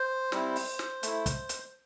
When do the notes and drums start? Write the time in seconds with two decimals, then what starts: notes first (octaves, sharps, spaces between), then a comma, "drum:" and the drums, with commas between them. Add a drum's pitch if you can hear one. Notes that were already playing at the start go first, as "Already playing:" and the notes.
Already playing: C5
0.32 G3 C4 E4, drum: snare
0.56 drum: open hi-hat
0.79 drum: snare
1.03 A3 E4, drum: hi-hat
1.26 drum: kick, hi-hat
1.49 drum: hi-hat